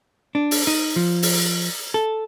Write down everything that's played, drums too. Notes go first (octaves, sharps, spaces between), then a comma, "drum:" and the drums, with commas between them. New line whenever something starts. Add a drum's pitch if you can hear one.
D4
drum: open hi-hat
D#4
F3
drum: open hi-hat
A4